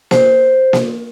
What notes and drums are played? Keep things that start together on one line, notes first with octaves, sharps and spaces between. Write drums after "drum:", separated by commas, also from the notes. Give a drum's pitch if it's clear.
C5, drum: snare A#3
drum: snare A#3